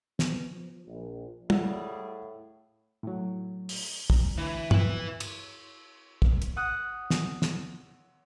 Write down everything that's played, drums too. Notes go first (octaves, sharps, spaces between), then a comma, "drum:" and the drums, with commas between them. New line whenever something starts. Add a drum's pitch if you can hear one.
B3, drum: snare
F3
A#1
A2 G3 G#4 F5 F#5 E6, drum: tom
A2 F#3
drum: open hi-hat
A#5, drum: kick
D2 E3
B4 E5, drum: tom
drum: cymbal
drum: kick
drum: hi-hat
F#5 D#6 F#6
drum: snare
drum: snare